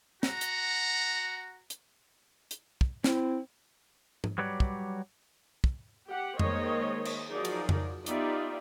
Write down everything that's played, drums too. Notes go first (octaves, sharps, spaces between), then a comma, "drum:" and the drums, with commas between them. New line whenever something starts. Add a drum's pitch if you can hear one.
F#4 F#5 A#5, drum: snare
drum: hi-hat
drum: hi-hat
drum: hi-hat
drum: kick
C4 E4, drum: snare
drum: tom G#2
F#3 G3 B4 C#5 D5
drum: kick
drum: kick
G4 F#5
D#3 G#3 A#3 C5 C#5 D#5, drum: tom F2
drum: cymbal
F3 F#3 D#4 G#4 A#4 D5
drum: cymbal
drum: tom F2
B3 D#4 F4 G4 D5 E5, drum: hi-hat